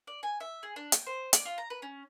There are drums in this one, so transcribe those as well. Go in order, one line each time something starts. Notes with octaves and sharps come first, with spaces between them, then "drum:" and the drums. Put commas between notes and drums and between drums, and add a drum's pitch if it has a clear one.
D5
G#5
E5
G#4
D4
G5, drum: hi-hat
C5
D5, drum: hi-hat
F4
A#5
B4
C#4